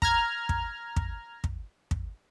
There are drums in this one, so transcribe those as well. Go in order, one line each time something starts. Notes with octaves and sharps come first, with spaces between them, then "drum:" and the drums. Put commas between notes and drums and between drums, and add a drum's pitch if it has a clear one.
A#5 F6 G#6, drum: kick
drum: kick
drum: kick
drum: kick
drum: kick